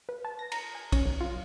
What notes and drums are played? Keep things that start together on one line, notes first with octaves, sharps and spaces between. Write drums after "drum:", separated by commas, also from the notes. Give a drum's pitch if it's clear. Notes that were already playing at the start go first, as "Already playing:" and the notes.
B4
A5
A#6
A#5, drum: cymbal
G#5
C#4, drum: kick, cymbal
B1
F4